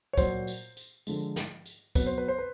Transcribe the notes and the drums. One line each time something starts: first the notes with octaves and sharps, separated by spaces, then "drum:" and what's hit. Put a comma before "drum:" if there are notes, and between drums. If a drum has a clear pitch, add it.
C#5
A#2 F#3 C5, drum: kick, tambourine
drum: tambourine
drum: tambourine
D3 F3 G#3, drum: tambourine
drum: snare
drum: tambourine
B2 F#3 B4, drum: kick, tambourine
C5
B4
C5
B4